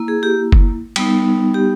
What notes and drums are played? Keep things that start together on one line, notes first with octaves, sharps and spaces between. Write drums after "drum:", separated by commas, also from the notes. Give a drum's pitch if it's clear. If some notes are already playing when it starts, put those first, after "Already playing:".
Already playing: A#3 E4
G#4
G4
drum: kick F#1
G3 B3 D#4, drum: cymbal
G4